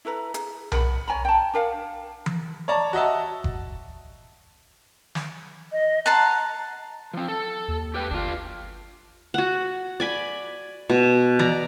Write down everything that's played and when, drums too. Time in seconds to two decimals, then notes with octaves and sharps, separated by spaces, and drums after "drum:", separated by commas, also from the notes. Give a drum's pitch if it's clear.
0.05 E4 A4 B4 A#5
0.34 G#4, drum: hi-hat
0.72 A#4 F#5 B5, drum: tom B1
1.08 C#5 G#5 A#5 B5
1.25 G5 A5
1.54 D4 A#4 F5 F#5
2.26 drum: tom E3
2.68 C#5 D5 A5 A#5
2.93 F#4 D#5 E5 A5
3.44 drum: kick F#1
5.15 drum: snare
5.72 D#5
6.06 F#5 A5 A#5 C6
7.14 F3 C4
7.28 A4
7.68 D#2
7.94 G4 B4 G5
8.11 G1 D4 F4
9.34 F#4 F#5
10.00 D5 G#5 B5
10.90 B2
11.39 D5 A#5, drum: tom E3